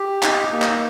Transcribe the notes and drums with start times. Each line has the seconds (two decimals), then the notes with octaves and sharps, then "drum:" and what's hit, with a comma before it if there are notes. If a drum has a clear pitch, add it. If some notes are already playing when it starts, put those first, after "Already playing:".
Already playing: G4
0.23 D#4, drum: clap
0.52 A#3
0.62 drum: clap